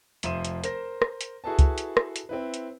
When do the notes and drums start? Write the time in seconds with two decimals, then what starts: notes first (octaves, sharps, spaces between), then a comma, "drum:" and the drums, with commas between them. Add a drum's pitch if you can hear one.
0.23 F1 F3 E5 C6 D#7 E7, drum: hi-hat
0.45 drum: hi-hat
0.64 A#4 C5 A#6, drum: hi-hat
1.02 drum: rim click
1.21 drum: hi-hat
1.44 E4 F#4 G#4 A4 B4 A5
1.59 drum: kick C#2, hi-hat
1.78 drum: hi-hat
1.97 drum: rim click
2.16 drum: hi-hat
2.29 C4 E4 B4
2.54 drum: hi-hat